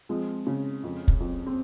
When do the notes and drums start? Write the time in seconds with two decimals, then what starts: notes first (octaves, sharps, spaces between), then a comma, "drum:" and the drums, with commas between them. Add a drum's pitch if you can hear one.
0.09 F3 G#3 C4
0.47 C#3
0.84 F2
1.08 drum: kick
1.20 F2
1.47 C4